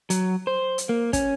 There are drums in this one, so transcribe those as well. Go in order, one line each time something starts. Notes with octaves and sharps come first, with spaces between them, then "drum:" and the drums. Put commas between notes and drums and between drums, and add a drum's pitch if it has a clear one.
F#3, drum: hi-hat
C5
drum: hi-hat
A#3
C#4, drum: kick, hi-hat